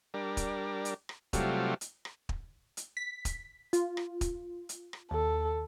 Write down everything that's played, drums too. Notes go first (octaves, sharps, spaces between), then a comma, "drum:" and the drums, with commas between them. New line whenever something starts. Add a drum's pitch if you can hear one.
G3 D4 A#4
drum: kick, hi-hat
drum: hi-hat
drum: rim click
C3 F#3 G3 A3 F4, drum: kick, hi-hat
drum: hi-hat
drum: rim click
drum: kick
drum: hi-hat
B6
drum: kick, hi-hat
F4, drum: hi-hat
drum: rim click
drum: kick, hi-hat
drum: hi-hat
drum: rim click
D#2 A4